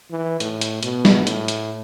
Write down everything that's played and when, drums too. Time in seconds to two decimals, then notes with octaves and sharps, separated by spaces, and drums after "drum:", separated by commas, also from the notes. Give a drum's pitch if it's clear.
0.11 E3
0.40 A2, drum: hi-hat
0.61 drum: hi-hat
0.83 B2, drum: hi-hat
1.05 drum: snare
1.27 A2, drum: hi-hat
1.48 drum: hi-hat